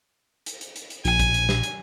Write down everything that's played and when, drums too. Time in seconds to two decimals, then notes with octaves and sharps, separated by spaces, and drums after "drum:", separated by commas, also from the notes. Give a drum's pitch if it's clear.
0.46 drum: hi-hat
0.61 drum: hi-hat
0.76 drum: hi-hat
0.90 drum: hi-hat
1.05 A#1 G#5, drum: hi-hat
1.20 drum: kick, hi-hat
1.34 drum: hi-hat
1.49 drum: snare
1.63 drum: hi-hat